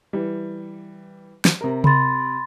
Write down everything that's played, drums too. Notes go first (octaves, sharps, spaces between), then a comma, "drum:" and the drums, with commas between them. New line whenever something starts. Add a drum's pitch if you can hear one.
E3 G3
drum: snare
C3 A#4
B5 C6 A6, drum: tom C3